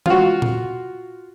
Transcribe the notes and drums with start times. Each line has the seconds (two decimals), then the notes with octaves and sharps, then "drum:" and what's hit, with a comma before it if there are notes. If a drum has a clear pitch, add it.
0.06 F4 F#4, drum: tom
0.42 drum: tom A#2